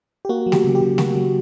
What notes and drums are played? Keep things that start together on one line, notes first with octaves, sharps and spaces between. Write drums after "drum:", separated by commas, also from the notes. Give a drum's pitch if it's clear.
G4
A#3 F#4
F#3
G4, drum: snare A3
C#3
G4
C#3
A#3 F#4, drum: snare A3
F#3